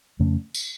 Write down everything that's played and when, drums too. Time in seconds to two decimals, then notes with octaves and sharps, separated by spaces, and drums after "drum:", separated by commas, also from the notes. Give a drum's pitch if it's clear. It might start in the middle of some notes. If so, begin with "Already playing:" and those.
0.20 F2 C#3 A3 C#4
0.54 drum: tambourine